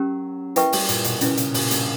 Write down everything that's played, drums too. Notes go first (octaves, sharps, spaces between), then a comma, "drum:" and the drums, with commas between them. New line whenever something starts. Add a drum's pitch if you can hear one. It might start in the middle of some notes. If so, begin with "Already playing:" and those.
Already playing: F#3 C#4 G4 A#4
A#3 E4 B4 E5 G5 C#6, drum: hi-hat
G3, drum: open hi-hat
A#2, drum: hi-hat
B2, drum: hi-hat
C#3 C#4 E4 B4, drum: hi-hat
C#3, drum: hi-hat
A#2, drum: open hi-hat
G2, drum: hi-hat